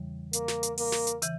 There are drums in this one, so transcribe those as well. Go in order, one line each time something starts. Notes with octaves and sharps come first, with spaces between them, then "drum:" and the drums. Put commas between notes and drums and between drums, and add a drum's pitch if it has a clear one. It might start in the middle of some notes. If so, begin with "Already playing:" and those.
Already playing: E2 C#3 E3 G3
A#3, drum: hi-hat
drum: snare
drum: hi-hat
A#3, drum: open hi-hat
drum: snare
drum: hi-hat
C#3 E3, drum: hi-hat